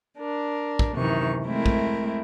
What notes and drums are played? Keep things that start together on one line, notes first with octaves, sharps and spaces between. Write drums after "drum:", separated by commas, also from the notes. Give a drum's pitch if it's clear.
D4 A#4
drum: kick
F#2 C3 D#3 E3 C#6
G#3 A3 C4 E4 A#4
drum: kick